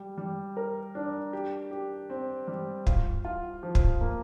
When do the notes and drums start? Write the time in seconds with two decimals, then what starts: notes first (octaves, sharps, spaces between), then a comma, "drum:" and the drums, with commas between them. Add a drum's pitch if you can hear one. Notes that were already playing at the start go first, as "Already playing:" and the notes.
Already playing: G3
0.18 G3
0.57 A#4
0.95 D4
1.33 G4
1.71 G4
2.10 C4
2.48 G3
2.87 F4, drum: kick
3.25 F4
3.63 F3
3.75 drum: kick
4.01 A#3